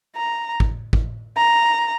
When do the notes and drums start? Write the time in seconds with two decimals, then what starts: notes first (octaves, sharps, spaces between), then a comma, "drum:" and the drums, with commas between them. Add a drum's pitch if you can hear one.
0.16 A#5
0.60 drum: kick
0.93 drum: kick
1.37 A#5